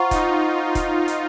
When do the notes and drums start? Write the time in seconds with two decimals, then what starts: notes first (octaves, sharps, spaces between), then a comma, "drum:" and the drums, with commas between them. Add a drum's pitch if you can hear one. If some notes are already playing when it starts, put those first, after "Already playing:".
Already playing: F4 C5 F#5 A#5 C#6
0.11 D#4, drum: kick E1, hi-hat
0.75 drum: kick E1, hi-hat
1.08 drum: hi-hat